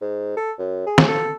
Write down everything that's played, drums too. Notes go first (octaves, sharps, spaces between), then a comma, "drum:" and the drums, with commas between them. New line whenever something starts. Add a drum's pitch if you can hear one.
G#2
A4
F#2
G#4
drum: snare
A4